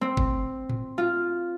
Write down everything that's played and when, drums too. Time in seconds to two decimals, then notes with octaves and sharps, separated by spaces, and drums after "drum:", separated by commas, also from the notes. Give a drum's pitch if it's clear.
0.01 C4
0.17 drum: kick G1
0.69 drum: tom A2
0.98 F4